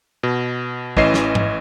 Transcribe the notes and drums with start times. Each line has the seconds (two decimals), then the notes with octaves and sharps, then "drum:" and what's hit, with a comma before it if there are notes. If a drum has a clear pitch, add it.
0.23 B2
0.97 A1 E3 C#4 D#5 C7 E7, drum: kick
1.14 drum: snare
1.35 drum: tom G#2